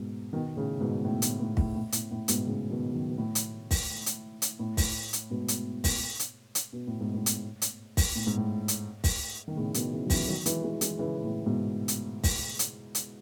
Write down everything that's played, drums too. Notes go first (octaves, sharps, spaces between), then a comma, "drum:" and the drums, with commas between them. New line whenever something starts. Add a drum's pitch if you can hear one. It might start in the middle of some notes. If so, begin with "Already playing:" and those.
Already playing: G#2 B2
B2 D#3
A2 C#3
G#2 B2
A2
A2, drum: hi-hat
A2
A2, drum: kick
A2
A2, drum: hi-hat
A2
G#2 B2, drum: hi-hat
A2 C#3
B2 D#3
D#3 F#3
B2
A2
drum: hi-hat
drum: kick, open hi-hat
drum: hi-hat
drum: hi-hat
A2
drum: kick, open hi-hat
drum: hi-hat
G#2 B2
drum: hi-hat
drum: kick, open hi-hat
drum: hi-hat
drum: hi-hat
B2
A2
G#2
A2
drum: hi-hat
drum: hi-hat
drum: kick, open hi-hat
A2
G#2
A2
drum: hi-hat
drum: kick, open hi-hat
D#3
A2 C#3
B2 D#3, drum: hi-hat
C#3 E3
F#3
C#3 E3, drum: kick, open hi-hat
D#3 F#3
E3 G#3, drum: hi-hat
E3 G#3
E3 G#3, drum: hi-hat
C#3 E3
A2
G#2 B2
drum: hi-hat
drum: kick, open hi-hat
drum: hi-hat
drum: hi-hat